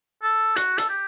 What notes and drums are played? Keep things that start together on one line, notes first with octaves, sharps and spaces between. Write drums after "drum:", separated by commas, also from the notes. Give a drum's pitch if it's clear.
A4
F#4, drum: hi-hat
A4, drum: hi-hat
G4